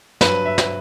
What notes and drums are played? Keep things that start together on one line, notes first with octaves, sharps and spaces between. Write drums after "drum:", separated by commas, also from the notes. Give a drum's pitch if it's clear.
G2 F#3 B4, drum: snare
E5
drum: snare